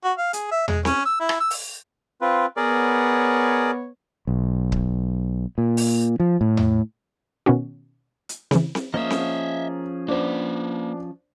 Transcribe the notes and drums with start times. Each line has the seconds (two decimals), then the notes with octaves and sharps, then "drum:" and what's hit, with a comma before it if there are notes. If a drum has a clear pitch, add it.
0.04 F#4
0.17 F5
0.33 G#4, drum: hi-hat
0.51 E5
0.68 G#3, drum: tom E2
0.85 C#4, drum: snare C4
1.05 E6
1.20 E4
1.29 drum: rim click
1.40 E6
1.50 drum: open hi-hat
2.21 C4 F4 B4
2.57 B3 G#4 A#4 C#5 D5
4.27 B1
4.72 drum: kick C#1
5.58 A#2
5.77 drum: open hi-hat
6.20 F3
6.41 A2
6.57 drum: tom E2
7.46 B2 D#3 C#4 F#4
8.29 drum: hi-hat
8.51 C#3 E3, drum: snare C4
8.75 drum: snare C4
8.94 F3 A#3 C#4 G#4 D#5 E5
9.10 drum: snare C4
10.08 A#3 D4 B4 C5